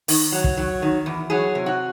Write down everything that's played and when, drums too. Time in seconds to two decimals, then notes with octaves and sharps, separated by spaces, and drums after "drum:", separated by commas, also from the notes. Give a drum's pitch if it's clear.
0.08 D#3, drum: open hi-hat
0.32 F#3
0.44 drum: kick
0.57 F#3
0.82 D#3
1.06 E2
1.30 F#3 G#4
1.55 C3
1.66 F#4